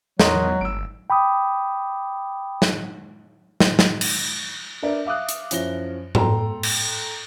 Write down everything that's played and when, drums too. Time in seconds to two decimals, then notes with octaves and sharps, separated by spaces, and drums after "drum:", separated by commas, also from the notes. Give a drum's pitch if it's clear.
0.20 E2 F#3 A#4 D#5 C6, drum: snare
0.61 G1 E6 D7
1.10 G5 B5 D6 D#6
2.62 drum: snare
3.60 drum: snare
3.79 drum: snare
4.01 drum: cymbal
4.82 D4 A#4 B4 D5 E5
5.05 E5 F5 D6 D#6 F#6
5.29 drum: hi-hat
5.51 F#2 F3 E4 C#5 A#6 G7, drum: hi-hat
6.15 A4 G5 A#5 C6, drum: tom G#2
6.63 drum: cymbal